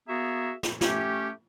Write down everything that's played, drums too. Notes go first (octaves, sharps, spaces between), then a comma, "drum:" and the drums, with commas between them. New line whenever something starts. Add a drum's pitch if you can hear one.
A#3 B3 F#4 G#4 E5 A#5
drum: snare
A3 C#4 G4, drum: snare